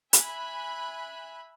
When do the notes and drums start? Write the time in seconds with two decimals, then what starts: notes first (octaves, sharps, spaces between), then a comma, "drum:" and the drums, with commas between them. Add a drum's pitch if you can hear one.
0.13 E5 G#5 B5 F#6, drum: hi-hat